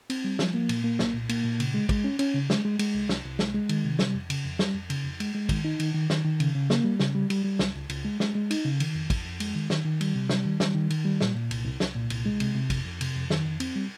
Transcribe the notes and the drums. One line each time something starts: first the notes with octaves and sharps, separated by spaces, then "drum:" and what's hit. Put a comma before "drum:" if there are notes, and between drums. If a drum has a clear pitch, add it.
C4, drum: cymbal
G3
F3, drum: snare
A#3
A#2, drum: cymbal
A#3
C2, drum: snare
A#2
A#3, drum: cymbal
A#2
C#3, drum: cymbal
G#3
G#3, drum: kick, cymbal
C#4
C#4, drum: cymbal
C#3
G#3, drum: snare
G#3
G#3, drum: cymbal
C2
C2, drum: snare
C2
G#3, drum: snare
G#3
D#3, drum: cymbal
C3
G3, drum: snare
F2
C#3, drum: cymbal
F2
G3, drum: snare
F2
C#3, drum: cymbal
F2
G#3, drum: cymbal
G#3
D#3, drum: kick, cymbal
D#4
D#3, drum: cymbal
D#3
D#3, drum: snare
D#3
C#3, drum: cymbal
C#3
A#3, drum: snare
G3
C#3, drum: snare
G3
G3, drum: cymbal
G3
C#2, drum: snare
C#2
C#2, drum: cymbal
G#3
G#3, drum: snare
G#3
D#4, drum: cymbal
C#3
D#3, drum: cymbal
F2
F2, drum: kick, cymbal
F2
G#3, drum: cymbal
D#3
D#3, drum: snare
D#3
G3, drum: cymbal
C3
G3, drum: snare
D#3
G3, drum: snare
D#3
D#3, drum: cymbal
G3
A#2, drum: snare
A#2
C2, drum: cymbal
C2
C2, drum: snare
A#2
C2, drum: cymbal
G#3
C3, drum: cymbal
C3
F2, drum: kick, cymbal
F2
C3, drum: cymbal
F2
D#3, drum: snare
F2
C4, drum: cymbal
G3